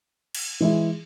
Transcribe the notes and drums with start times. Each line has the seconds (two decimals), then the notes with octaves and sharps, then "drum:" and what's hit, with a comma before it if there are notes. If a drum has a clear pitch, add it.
0.35 drum: cymbal
0.60 E3 G#3 E4